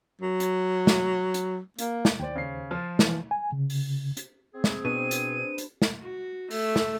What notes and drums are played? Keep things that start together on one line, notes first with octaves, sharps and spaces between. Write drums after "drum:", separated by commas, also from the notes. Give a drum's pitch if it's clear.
F#3
drum: hi-hat
drum: snare
drum: hi-hat
A#3, drum: hi-hat
drum: snare
D#2 C5 D5 G5
C#3 C7
F3 F4
E3, drum: snare
G#5
C#3
drum: open hi-hat
drum: hi-hat
C4 G#4
drum: snare
B2 D4 B4 C5 D#7
drum: hi-hat
drum: hi-hat
drum: snare
F#4
A3, drum: open hi-hat
drum: snare